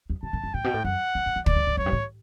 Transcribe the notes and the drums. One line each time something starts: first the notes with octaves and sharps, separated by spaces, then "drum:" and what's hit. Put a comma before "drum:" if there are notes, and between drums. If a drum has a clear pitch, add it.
E2
A2 A5
A2
F#2
A2 G5
B2
A2
F#2 F#5
E2
F#2
E2
D5, drum: kick
F#2
G2
F#2 C#5
G2
A2